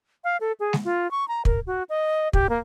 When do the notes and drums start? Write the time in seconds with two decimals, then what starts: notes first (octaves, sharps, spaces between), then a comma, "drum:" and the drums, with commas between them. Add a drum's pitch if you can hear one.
0.24 F5
0.41 A4
0.60 G#4
0.73 drum: snare G#3
0.85 F4
1.11 C#6
1.28 A#5
1.45 A#4, drum: kick
1.67 F#4
1.89 D#5
2.33 G4, drum: kick
2.50 A#3